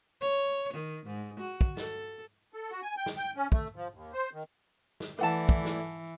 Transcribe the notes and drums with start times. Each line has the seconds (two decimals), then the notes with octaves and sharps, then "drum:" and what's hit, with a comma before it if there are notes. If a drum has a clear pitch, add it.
0.21 C#5
0.74 D#3
1.06 G#2
1.40 F#4
1.61 drum: kick
1.77 A4, drum: snare
2.54 A4
2.71 F#4
2.82 G#5
2.97 G5
3.06 drum: snare
3.17 G5
3.36 C#4
3.52 A3, drum: kick
3.76 F3
3.94 D#2
4.13 C5
4.34 D#3
5.00 drum: snare
5.19 E3 A3 E4 B4 D5 F#5 A5
5.49 drum: kick
5.65 drum: snare